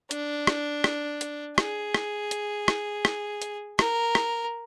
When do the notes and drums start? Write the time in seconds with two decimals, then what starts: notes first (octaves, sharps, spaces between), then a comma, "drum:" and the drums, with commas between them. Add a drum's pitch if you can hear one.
0.11 D4, drum: hi-hat
0.47 drum: rim click
0.84 drum: rim click
1.21 drum: hi-hat
1.58 G#4, drum: rim click
1.94 drum: rim click
2.31 drum: hi-hat
2.68 drum: rim click
3.05 drum: rim click
3.42 drum: hi-hat
3.79 A#4, drum: rim click
4.15 drum: rim click